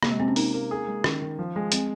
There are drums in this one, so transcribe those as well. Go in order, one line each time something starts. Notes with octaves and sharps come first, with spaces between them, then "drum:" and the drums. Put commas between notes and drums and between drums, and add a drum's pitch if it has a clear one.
C3 A#3, drum: rim click
G#3
C3 C4
C#4
A#3 D#4, drum: open hi-hat
A#3
G#4
G#3
D#3 C#4, drum: rim click
D#3
F3
G#3
G#3 C4, drum: hi-hat